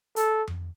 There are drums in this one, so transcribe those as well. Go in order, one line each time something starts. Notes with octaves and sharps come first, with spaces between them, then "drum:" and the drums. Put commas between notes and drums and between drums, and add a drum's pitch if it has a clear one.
A4, drum: hi-hat
drum: tom F2